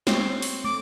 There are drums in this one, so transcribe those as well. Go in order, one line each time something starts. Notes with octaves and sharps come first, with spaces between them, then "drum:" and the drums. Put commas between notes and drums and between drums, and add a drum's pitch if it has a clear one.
C4 C#5, drum: snare
drum: open hi-hat
A3 D6